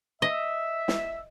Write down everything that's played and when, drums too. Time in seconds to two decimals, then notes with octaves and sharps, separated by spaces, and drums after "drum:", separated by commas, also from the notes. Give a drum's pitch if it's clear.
0.22 D#5 E5
0.88 drum: snare